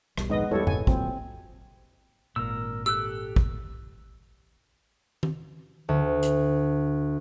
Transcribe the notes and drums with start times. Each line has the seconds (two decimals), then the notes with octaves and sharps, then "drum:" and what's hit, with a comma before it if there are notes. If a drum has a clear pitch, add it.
0.18 E1 B1 G3, drum: rim click
0.29 A#1 D#2 G#2 G#3 B3 D#5
0.51 E2 G3 E4 A4 C#5
0.67 D#1 G#2 C3 G#5, drum: tom F2
0.87 D1 A#2 F#3 C4, drum: kick
2.36 G#1 A#2 A#4 E6
2.86 G4 A4 E6 F#6
3.36 drum: kick
5.23 drum: tom D#3
5.89 D2
6.23 drum: hi-hat